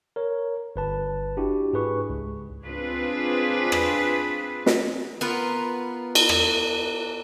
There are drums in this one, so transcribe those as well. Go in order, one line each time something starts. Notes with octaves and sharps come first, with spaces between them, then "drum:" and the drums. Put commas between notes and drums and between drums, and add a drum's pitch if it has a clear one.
A#4 C#5
G1 B4 A5
D4 E4 F#4 G4
G#2 G#4 B4 C#6
C#2
C4 D4 F4 G#4 B4
drum: rim click
drum: snare
B3 F4 A#4 B4
drum: cymbal
drum: rim click